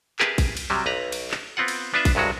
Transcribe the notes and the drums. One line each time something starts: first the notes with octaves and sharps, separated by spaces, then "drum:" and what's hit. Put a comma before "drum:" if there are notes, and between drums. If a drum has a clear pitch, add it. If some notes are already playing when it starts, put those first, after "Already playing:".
G4 G#4 A#4 B4 E5 A5, drum: clap
drum: kick A#1, cymbal
drum: cymbal
C3 F#3 G3
B1 B4 A#5
drum: cymbal
drum: clap
B3 C4 F4 F#5
drum: cymbal
B3 D4 F4 B4 E5
drum: kick A#1, cymbal
C2 G2 F#3 G#3 F#4